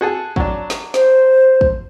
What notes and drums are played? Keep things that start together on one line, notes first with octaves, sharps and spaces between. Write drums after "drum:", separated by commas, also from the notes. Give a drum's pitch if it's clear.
F#4 G#4 A4
F#3 D4, drum: kick
drum: snare
C5, drum: snare
drum: kick